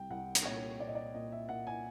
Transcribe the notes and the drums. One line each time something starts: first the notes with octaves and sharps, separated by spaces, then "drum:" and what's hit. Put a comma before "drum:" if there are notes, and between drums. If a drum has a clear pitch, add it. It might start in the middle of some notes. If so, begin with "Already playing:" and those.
Already playing: C2 G5
C2 F#5
drum: hi-hat
A#2 C#5
A#2 D5
D#5
D5
A#2 D#5
E5
A#2 F#5
G#5